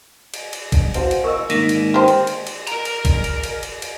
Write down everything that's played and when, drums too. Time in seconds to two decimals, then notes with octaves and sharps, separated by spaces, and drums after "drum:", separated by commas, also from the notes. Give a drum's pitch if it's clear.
0.34 drum: cymbal
0.53 drum: cymbal
0.72 drum: kick A1, cymbal
0.94 F#4 C5 F5, drum: cymbal
1.11 drum: cymbal
1.24 A#4 D#5 C#6 E6
1.50 G#2 D#3 A#3 A#6 B6, drum: cymbal
1.69 drum: cymbal
1.94 G4 C5 F6
2.08 drum: cymbal
2.27 drum: cymbal
2.47 drum: cymbal
2.67 A#4 A#5, drum: cymbal
2.85 drum: cymbal
3.05 drum: kick A1, cymbal
3.24 drum: cymbal
3.43 drum: cymbal
3.63 drum: cymbal
3.82 drum: cymbal